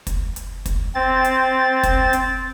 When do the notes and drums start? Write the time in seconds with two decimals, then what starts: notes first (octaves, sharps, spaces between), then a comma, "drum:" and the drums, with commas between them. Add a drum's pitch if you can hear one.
0.07 drum: kick, hi-hat
0.36 drum: hi-hat
0.66 drum: kick, hi-hat
0.95 C4 A6
1.24 drum: hi-hat
1.83 drum: kick, hi-hat
2.13 drum: hi-hat